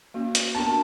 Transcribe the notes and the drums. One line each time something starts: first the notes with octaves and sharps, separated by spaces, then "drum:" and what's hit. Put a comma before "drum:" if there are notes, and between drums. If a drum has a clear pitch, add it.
A#3 C#4 F#4
drum: hi-hat
B3 D4 F#4 A#4 A5